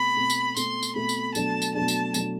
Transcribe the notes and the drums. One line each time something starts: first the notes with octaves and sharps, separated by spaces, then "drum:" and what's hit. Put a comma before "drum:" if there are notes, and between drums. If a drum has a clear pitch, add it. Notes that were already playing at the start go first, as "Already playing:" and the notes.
Already playing: B2 A3 C4 B5
B2 A3 C4
drum: tambourine
B2 A3 C4 C6, drum: tambourine
drum: tambourine
B2 A3 C4 B5
drum: tambourine
B2 F#3 A3 D4 A5, drum: tambourine
drum: tambourine
B2 F#3 A3 D4 A5
drum: tambourine
B2 F#3 A3 D4, drum: tambourine